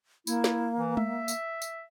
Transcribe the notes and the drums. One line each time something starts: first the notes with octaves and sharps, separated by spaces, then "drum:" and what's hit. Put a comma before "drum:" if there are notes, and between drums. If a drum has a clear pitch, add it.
A#3 E4, drum: tambourine
drum: snare
E3
E5, drum: tom G#3
drum: tambourine
drum: tambourine